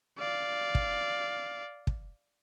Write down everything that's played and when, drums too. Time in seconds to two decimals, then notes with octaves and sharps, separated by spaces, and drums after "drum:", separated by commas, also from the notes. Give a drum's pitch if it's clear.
0.19 D5 F5
0.75 drum: kick
1.87 drum: kick